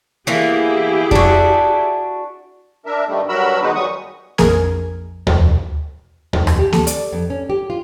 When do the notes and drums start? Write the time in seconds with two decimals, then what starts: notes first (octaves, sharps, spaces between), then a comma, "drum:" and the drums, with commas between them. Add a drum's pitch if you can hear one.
0.27 E3 A#3 B3 E4 G4 G#4
1.11 D4 F#4, drum: kick F2
2.86 D4 A#4 E5
3.07 G2 D#3 G3 A3
3.29 G2 F#3 F#4 A#4 B5 E6
3.62 D#3 G#3 B3 D#4 F#4 B4
3.75 F#2 F#3 G3 C#6 D#6
4.38 A#1 F2 G#4 A#4 G#6, drum: snare A#3
5.27 drum: tom D#2
6.33 D#4, drum: tom D#2
6.47 D#2, drum: rim click
6.59 G4
6.73 A4, drum: snare A#3
6.87 D5, drum: hi-hat
7.13 F2
7.30 C#4
7.50 G4
7.70 F4